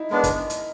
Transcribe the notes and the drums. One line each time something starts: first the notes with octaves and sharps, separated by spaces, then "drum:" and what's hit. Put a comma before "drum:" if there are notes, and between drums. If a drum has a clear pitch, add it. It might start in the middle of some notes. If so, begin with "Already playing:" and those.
Already playing: D#4 E4
G#3 B3 D4 A#4
drum: kick, hi-hat
drum: hi-hat